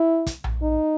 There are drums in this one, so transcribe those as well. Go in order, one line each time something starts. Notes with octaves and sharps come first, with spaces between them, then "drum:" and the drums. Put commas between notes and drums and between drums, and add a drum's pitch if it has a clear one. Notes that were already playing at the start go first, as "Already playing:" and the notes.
Already playing: E4
drum: kick, hi-hat
drum: tom A#1
D#4